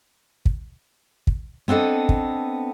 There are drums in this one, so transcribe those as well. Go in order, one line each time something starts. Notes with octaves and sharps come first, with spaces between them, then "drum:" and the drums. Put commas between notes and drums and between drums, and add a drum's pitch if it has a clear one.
drum: kick
drum: kick
B3 C4 D4 A4 D#5
drum: kick